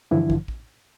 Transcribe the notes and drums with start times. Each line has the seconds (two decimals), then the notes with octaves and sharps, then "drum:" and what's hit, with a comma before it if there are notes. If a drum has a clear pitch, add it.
0.11 G2 D3 E3 F3 E4
0.30 drum: kick
0.48 drum: kick